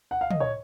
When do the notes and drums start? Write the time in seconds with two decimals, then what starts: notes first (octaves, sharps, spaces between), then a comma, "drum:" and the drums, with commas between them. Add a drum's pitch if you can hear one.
0.11 F#5
0.21 F5
0.31 D#5, drum: tom
0.40 C#5